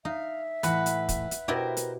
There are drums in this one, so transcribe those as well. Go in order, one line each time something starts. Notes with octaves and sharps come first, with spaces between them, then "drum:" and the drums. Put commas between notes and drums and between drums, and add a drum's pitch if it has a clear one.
D#4 E5 F5
A2 E3 B4 F#5, drum: hi-hat
drum: hi-hat
drum: kick, hi-hat
drum: hi-hat
B2 E4 G4 A#4 C5
drum: hi-hat